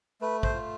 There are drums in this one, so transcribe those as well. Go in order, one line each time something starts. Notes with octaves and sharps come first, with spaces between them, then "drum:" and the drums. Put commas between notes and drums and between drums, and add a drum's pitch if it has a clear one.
A3 B4
C5, drum: kick
F4